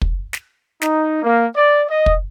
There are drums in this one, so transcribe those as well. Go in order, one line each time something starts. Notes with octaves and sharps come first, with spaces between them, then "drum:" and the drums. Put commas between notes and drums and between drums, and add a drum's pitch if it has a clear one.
drum: kick
drum: snare
D#4, drum: snare
A#3
D5
D#5
drum: kick